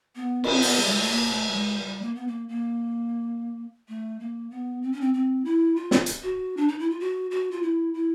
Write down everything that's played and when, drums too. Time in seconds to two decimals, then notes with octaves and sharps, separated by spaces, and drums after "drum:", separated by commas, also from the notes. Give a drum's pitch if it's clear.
0.16 B3
0.44 C#4, drum: cymbal
0.52 C4
0.62 B3, drum: open hi-hat
0.80 G3
0.89 G#3
0.99 A3
1.09 A#3
1.32 A3
1.50 G3
1.55 G#3
1.78 G3
2.02 A#3
2.15 B3
2.28 A#3
2.49 A#3
3.88 A3
4.20 A#3
4.50 B3
4.82 C4
4.92 C#4
5.01 C4
5.14 C4
5.45 E4
5.76 F4
5.91 drum: snare
6.06 drum: hi-hat
6.23 F#4
6.57 D4
6.68 D#4
6.79 E4
6.90 F4
7.00 F#4
7.31 F#4
7.51 F4
7.63 E4
7.94 E4